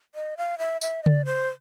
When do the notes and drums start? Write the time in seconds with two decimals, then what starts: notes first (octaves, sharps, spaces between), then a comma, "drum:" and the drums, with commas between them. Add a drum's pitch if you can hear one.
0.15 D#5
0.37 F5
0.58 E5
0.81 E5, drum: tambourine
1.03 D#5
1.06 D5, drum: tom C#3
1.25 C5